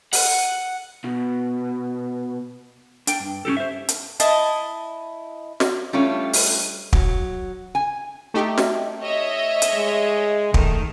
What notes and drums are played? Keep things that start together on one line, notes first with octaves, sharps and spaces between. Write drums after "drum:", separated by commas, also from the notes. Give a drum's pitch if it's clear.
F#5, drum: open hi-hat
B2
D4 G5, drum: hi-hat
G2
C#4 D#4 G4 A4
C5 E5
drum: hi-hat
E4 D#5 A5, drum: hi-hat
drum: snare
G3 A3 C#4 D4 F4 C#5
drum: open hi-hat
F#3, drum: kick
G#5
A3 D#4 G4
drum: snare
C#5 D#5 E5
drum: hi-hat
G#3
D#3 A3, drum: kick